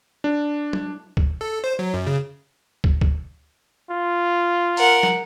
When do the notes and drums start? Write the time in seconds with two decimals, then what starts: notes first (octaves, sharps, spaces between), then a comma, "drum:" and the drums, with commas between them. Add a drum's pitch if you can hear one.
0.24 D4
0.73 drum: tom
1.17 drum: kick
1.41 A4
1.64 C5
1.79 F#3
1.94 F#2
2.07 C#3
2.84 drum: kick
3.01 drum: kick
3.90 F4
4.77 A#4 F#5, drum: open hi-hat
5.03 drum: snare